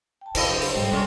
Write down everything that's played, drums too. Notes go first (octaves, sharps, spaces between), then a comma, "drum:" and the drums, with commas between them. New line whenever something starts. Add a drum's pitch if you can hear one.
G5 A5
C#3 C4 E4 B4 D#5 F5, drum: cymbal
F#3 D4 G4
drum: open hi-hat
G#2 G3 G5
C3 G#3 C#4 C6